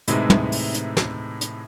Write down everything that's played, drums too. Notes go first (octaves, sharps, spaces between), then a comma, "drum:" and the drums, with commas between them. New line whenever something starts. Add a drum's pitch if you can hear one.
A2 C3 E3 G#3 D#4 E4, drum: hi-hat
drum: tom
drum: open hi-hat
drum: hi-hat
drum: snare
drum: hi-hat